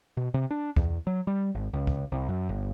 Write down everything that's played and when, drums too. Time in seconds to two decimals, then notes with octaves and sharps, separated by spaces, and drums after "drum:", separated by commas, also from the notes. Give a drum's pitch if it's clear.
0.17 B2
0.34 C3
0.51 D4
0.76 E2, drum: kick C#2
1.07 F#3
1.27 G3
1.55 G#1
1.73 C#2
1.87 drum: kick C#2
2.12 C2
2.29 F#2
2.49 G1